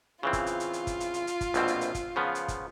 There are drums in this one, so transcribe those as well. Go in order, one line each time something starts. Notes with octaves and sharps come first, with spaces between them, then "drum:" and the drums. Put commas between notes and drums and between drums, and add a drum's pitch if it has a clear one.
C#3 E3 C4 F4
drum: kick, hi-hat
drum: hi-hat
drum: hi-hat
drum: hi-hat
drum: kick, hi-hat
drum: hi-hat
drum: hi-hat
drum: hi-hat
drum: kick, hi-hat
A#1 B2 C4, drum: hi-hat
drum: hi-hat
drum: hi-hat
drum: kick, hi-hat
C#3 F3 B3
drum: hi-hat
drum: kick, hi-hat